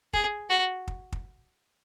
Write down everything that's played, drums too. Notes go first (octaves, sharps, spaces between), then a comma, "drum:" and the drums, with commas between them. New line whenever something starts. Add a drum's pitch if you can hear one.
G#4, drum: kick
F#4
drum: kick
drum: kick